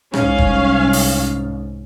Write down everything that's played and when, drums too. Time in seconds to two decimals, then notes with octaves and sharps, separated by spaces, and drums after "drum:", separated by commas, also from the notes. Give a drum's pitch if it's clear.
0.14 C2 G#2 C#4 F5, drum: rim click
0.38 drum: kick
0.93 drum: open hi-hat